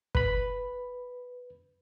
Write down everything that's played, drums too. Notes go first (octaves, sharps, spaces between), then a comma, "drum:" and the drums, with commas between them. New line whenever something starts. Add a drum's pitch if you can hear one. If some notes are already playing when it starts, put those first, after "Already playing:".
B4 B5, drum: kick